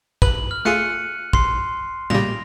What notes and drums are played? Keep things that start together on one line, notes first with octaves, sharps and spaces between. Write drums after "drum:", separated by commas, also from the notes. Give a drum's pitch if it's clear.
B4 F#7, drum: kick
F6
A3 F4 G#4 F#6 C#7 D#7
C6 C7, drum: kick
A#2 C#3 G3 A#6 F7, drum: tom A2